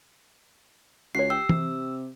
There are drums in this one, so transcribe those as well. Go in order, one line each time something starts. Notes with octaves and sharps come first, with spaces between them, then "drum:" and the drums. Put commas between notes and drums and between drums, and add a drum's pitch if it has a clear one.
C#2 F#4 C#5 C7
G4 E6
C3, drum: tom E3